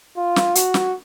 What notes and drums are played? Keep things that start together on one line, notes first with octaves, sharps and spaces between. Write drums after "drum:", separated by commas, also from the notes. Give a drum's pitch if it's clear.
F4
drum: snare
F#4, drum: hi-hat
drum: snare